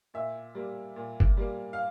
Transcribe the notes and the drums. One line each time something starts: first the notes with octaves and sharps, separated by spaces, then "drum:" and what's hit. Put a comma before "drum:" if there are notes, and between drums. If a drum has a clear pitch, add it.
A#2 E5
G3 A#3
A#2
drum: kick F#1
G3 A#3
F5